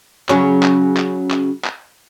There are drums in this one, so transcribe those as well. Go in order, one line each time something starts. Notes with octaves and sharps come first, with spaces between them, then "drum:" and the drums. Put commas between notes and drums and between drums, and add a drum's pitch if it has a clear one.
C#3 F#3 C#4, drum: clap
drum: clap
drum: clap
drum: clap
drum: clap